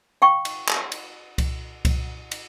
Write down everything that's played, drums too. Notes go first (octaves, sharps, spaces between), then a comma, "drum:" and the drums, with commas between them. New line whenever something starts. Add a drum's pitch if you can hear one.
F5 G5 C#6
drum: cymbal
drum: clap
drum: cymbal
drum: kick C2, cymbal
drum: kick C2, cymbal
drum: cymbal